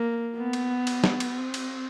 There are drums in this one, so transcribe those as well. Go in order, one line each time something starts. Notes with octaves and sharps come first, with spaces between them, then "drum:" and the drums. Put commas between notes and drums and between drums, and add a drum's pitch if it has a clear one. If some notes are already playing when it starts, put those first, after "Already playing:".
Already playing: A#3
B3
drum: cymbal
drum: cymbal
drum: snare
drum: cymbal
C4
drum: cymbal